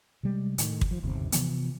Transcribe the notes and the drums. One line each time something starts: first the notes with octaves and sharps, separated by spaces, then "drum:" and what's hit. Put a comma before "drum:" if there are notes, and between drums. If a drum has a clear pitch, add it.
C3 G3 G#3
A2 D#3, drum: hi-hat
drum: kick
F3
G1 D#2 C3
C3 E3 F3 B3, drum: hi-hat